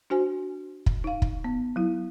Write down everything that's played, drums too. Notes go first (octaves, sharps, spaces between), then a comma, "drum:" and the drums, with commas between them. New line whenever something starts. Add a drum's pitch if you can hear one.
D4 F#4 C5 G#5
drum: kick
D#4 F5
drum: kick
B3
F#3 E4